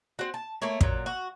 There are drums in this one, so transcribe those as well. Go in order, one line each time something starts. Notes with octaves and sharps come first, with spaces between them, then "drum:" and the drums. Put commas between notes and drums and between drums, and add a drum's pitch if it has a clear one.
C4 F#4
A5
A3 A#3 E4 C#5
A#2 F#3, drum: kick
F#4